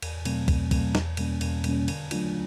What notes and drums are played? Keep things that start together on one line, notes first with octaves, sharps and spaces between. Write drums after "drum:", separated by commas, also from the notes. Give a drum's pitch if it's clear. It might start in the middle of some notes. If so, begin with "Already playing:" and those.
E2, drum: cymbal
B2 F#3 A3 C4, drum: cymbal
E2, drum: kick, cymbal
B2 F#3 A3 C4, drum: kick, cymbal
E2, drum: snare
B2 G3 A#3 C#4, drum: cymbal
E2, drum: cymbal
B2 G3 A#3 C#4, drum: cymbal
D3, drum: cymbal
F#3 A3 D4 F4, drum: cymbal